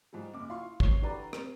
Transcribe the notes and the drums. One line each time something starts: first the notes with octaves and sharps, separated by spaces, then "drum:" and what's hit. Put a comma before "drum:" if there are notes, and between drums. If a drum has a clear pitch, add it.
G#2 F3 G3
F#1 D6
E4 F4 F5 C6 C#6
C2 C#5 C#6 C7 F7 G7, drum: kick
D3 E3 G4 B4 D5 A#5
C4, drum: rim click